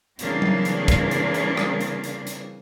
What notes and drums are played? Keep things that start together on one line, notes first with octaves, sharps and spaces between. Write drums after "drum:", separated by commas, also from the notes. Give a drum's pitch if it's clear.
C#3 E3 G3 A#3 C4 D4, drum: hi-hat
drum: tom F#3
drum: hi-hat
drum: kick, hi-hat
drum: hi-hat
drum: hi-hat
drum: rim click
drum: hi-hat
drum: hi-hat
drum: hi-hat